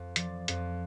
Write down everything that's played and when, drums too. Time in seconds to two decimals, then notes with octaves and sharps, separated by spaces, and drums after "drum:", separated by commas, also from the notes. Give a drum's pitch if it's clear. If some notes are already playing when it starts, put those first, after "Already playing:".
Already playing: F2
0.16 F3 D5, drum: hi-hat
0.48 F2, drum: hi-hat